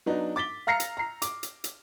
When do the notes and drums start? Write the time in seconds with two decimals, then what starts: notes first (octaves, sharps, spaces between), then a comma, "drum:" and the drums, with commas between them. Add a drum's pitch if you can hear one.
0.06 F#3 B3 D4 D#4
0.36 D6 A6 B6 G7
0.67 F5 A#5 F6 A#6 C7 C#7
0.80 drum: hi-hat
0.97 A#5 C7
1.22 D6, drum: hi-hat
1.43 drum: hi-hat
1.64 drum: hi-hat